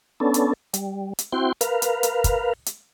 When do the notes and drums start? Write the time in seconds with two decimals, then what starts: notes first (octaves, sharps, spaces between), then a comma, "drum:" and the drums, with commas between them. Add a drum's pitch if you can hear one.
0.20 B3 C#4 D4 A4
0.34 drum: hi-hat
0.74 G3, drum: hi-hat
1.19 drum: hi-hat
1.33 C4 E4 F#4 G5 C6
1.61 A#4 B4 F5, drum: hi-hat
1.82 drum: hi-hat
2.03 drum: hi-hat
2.24 drum: kick, hi-hat
2.66 drum: hi-hat